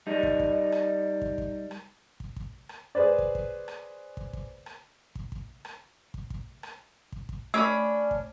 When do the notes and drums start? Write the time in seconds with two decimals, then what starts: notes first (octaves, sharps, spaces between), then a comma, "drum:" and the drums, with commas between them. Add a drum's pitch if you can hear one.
0.07 G3 D#4
0.23 drum: kick
0.39 drum: kick
0.72 drum: rim click
1.22 drum: kick
1.38 drum: kick
1.71 drum: rim click
2.20 drum: kick
2.36 drum: kick
2.69 drum: rim click
2.95 G#4 B4 C5 D5
3.18 drum: kick
3.35 drum: kick
3.68 drum: rim click
4.17 drum: kick
4.33 drum: kick
4.66 drum: rim click
5.15 drum: kick
5.32 drum: kick
5.65 drum: rim click
6.14 drum: kick
6.30 drum: kick
6.63 drum: rim click
7.12 drum: kick
7.29 drum: kick
7.54 A3 C#4 D4 B5
8.11 drum: kick